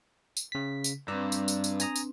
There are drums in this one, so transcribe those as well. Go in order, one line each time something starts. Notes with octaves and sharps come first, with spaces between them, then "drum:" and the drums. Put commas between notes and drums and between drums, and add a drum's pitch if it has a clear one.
drum: tambourine
C#3 B6
drum: tambourine
G2 C4 D4 B4 D5 A#5 E6
drum: tambourine
drum: tambourine
drum: tambourine
G#5 A#5 D#6, drum: tambourine
drum: tambourine